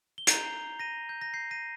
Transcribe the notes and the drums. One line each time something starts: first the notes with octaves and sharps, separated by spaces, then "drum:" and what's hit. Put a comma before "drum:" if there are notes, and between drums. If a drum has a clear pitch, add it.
G7
A#5 G6 C7 F7, drum: hi-hat
A#6 D#7
G6
A#6
G6 C7
A#6 D#7